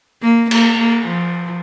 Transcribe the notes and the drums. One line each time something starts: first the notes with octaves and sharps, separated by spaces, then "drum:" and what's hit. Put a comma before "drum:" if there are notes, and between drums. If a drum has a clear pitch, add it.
A#3
A#3, drum: cymbal
A#3
F3